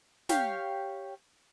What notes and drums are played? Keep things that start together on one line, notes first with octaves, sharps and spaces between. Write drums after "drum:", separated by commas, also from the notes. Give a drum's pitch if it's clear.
G4 C#5 F5, drum: snare